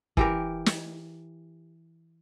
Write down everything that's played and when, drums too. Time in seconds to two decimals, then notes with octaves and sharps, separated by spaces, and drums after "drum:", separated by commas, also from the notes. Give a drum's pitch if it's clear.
0.17 E3 G4 A#4, drum: kick
0.66 drum: snare